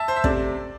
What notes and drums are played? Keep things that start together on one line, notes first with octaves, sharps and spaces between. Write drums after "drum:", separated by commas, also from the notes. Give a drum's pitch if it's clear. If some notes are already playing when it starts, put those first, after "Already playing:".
Already playing: E5 A5
C5
E5
C3 A3 C4 D5, drum: kick